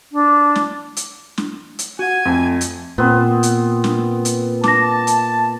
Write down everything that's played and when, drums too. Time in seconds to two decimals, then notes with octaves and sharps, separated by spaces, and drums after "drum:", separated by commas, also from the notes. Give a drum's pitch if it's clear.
0.12 D4
0.55 drum: snare
0.97 drum: hi-hat
1.38 drum: snare
1.79 drum: hi-hat
1.99 F#4 F#5 G#5 G#6
2.25 F2 A3 C4
2.61 drum: hi-hat
2.98 A#2 B3 C4
3.43 drum: hi-hat
3.84 drum: snare
4.25 drum: hi-hat
4.64 A5 D6 A#6, drum: snare
5.07 drum: hi-hat